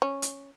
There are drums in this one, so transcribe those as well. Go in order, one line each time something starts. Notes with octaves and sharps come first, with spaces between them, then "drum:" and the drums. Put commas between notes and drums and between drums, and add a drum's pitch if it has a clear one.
C#4
drum: hi-hat